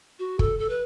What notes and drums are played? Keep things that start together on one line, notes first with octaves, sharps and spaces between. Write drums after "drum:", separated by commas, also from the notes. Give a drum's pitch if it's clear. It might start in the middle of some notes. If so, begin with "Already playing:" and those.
F#4
A4, drum: kick
A4
B4